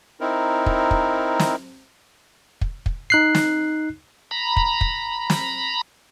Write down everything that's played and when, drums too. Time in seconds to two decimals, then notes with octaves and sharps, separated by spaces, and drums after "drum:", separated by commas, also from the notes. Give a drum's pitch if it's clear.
0.21 C4 D#4 E4 A#4
0.66 drum: kick
0.91 drum: kick
1.40 drum: snare
2.61 drum: kick
2.86 drum: kick
3.10 D#4 F#6 C7
3.35 drum: snare
4.31 A#5 B5
4.56 drum: kick
4.81 drum: kick
5.30 drum: snare